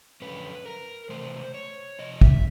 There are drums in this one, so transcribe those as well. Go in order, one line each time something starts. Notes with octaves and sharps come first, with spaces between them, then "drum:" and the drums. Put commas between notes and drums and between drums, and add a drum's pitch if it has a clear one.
F#2 D3 F3 C#4 B4
A#4
C3 E3 A3 C5
C#5
C3 F3 D#5
E5, drum: kick